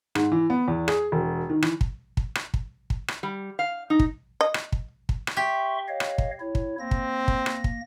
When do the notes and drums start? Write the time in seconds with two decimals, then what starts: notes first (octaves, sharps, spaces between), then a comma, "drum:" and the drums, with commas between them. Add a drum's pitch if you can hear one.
0.15 G#2, drum: rim click
0.32 E3
0.50 B3
0.68 E2
0.88 G#4, drum: rim click
1.12 E1
1.50 D#3
1.62 E3, drum: rim click
1.81 drum: kick
2.17 drum: kick
2.35 drum: rim click
2.54 drum: kick
2.90 drum: kick
3.08 drum: rim click
3.23 G3
3.59 F5
3.90 D#4
4.00 drum: kick
4.41 D#5
4.54 drum: rim click
4.72 drum: kick
5.09 drum: kick
5.27 drum: rim click
5.37 G4 E5 C6 C#6
5.88 C#5 D#5 F5
6.00 drum: rim click
6.18 drum: kick
6.40 E4 C#5
6.55 drum: kick
6.79 A#3 C4 A#6
6.91 drum: kick
7.28 drum: kick
7.46 drum: rim click
7.64 drum: kick